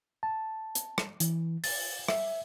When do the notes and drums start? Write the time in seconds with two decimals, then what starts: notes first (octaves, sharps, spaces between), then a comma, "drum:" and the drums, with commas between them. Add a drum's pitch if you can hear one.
0.23 A5
0.75 drum: hi-hat
0.98 drum: rim click
1.20 E3, drum: hi-hat
1.64 A6, drum: open hi-hat
2.08 E5, drum: rim click